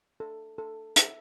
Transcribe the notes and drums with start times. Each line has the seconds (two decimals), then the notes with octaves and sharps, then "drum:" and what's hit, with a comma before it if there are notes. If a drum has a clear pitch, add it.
0.20 A4
0.58 A4
0.96 E5, drum: hi-hat